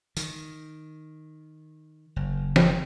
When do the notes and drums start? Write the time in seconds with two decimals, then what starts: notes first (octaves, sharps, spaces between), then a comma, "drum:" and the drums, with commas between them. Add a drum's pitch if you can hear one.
0.17 D#3, drum: tambourine
2.16 F#1
2.56 drum: snare